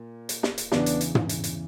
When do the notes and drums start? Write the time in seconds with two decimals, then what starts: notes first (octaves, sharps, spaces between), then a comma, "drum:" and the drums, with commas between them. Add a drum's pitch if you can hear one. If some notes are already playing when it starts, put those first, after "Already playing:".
Already playing: A#2
0.29 drum: hi-hat
0.43 drum: snare
0.58 drum: hi-hat
0.72 E2 C#3 E3 B3 D4, drum: snare
0.86 drum: hi-hat
1.01 drum: hi-hat
1.15 drum: tom
1.29 drum: hi-hat
1.44 drum: hi-hat